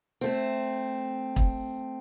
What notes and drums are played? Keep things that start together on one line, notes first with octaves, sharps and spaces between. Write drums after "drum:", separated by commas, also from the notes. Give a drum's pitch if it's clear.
A3 C4
drum: kick